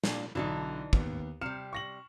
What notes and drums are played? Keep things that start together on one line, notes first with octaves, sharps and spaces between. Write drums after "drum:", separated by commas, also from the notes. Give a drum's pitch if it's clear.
A#2 D4, drum: snare
B1 D3 E3 D4 D#4
D#2 B3, drum: kick
C3 G3 F6 C#7 E7
C#6 A#6 F#7